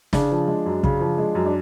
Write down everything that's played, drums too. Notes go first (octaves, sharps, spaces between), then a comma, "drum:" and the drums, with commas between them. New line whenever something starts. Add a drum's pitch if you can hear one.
C#3 D4, drum: snare
F3
G#3
F#2
C#3, drum: kick
F3
G#3
F#2
D4